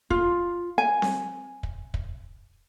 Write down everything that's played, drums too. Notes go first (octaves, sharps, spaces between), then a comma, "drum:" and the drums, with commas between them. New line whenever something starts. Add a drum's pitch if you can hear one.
F4, drum: kick
G#5
drum: snare C4
drum: kick
drum: kick